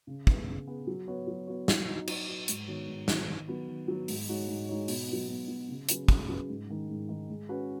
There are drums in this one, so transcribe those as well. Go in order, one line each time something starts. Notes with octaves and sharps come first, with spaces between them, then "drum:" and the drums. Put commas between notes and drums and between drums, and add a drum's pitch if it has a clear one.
C#3
B3 G#4 B4, drum: kick
C#3
B3 G#4 B4
F#3
B3 F#4 C#5
F#3
B3 F#4 C#5
F#3, drum: snare
D#4 F#4
F#3, drum: cymbal
D#4 F#4
G#2, drum: hi-hat
D#3 B3 F#4 C#5
G#2
D#3 B3 F#4 C#5, drum: snare
D#3
F#3 B3
D#3
F#3 B3
G#2, drum: open hi-hat
G#3 D#4 F#4 C#5
G#2
G#3 D#4 F#4 C#5
B2, drum: open hi-hat
F#3 B3
B2
F#3 B3
C#3
F#3 C#4 G#4 B4, drum: hi-hat
C#3, drum: kick
F#3 C#4 G#4 B4
G#2
D#3 G#3
G#2
D#3 G#3
G#3
C#4 F#4 B4